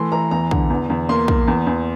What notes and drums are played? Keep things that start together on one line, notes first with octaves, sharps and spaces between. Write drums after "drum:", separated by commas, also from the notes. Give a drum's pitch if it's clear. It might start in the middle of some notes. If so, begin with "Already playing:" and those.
Already playing: E3 A3 C6
E3 A#5
E2 A#5
D3, drum: kick
E2
E2
A#3 C6
A#3, drum: kick
E2
E2